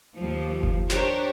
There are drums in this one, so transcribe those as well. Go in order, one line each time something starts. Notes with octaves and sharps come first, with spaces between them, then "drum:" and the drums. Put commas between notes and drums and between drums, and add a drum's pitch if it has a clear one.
D#2 F3
drum: kick F#1
D4 G4 A#4 C5 C#5, drum: snare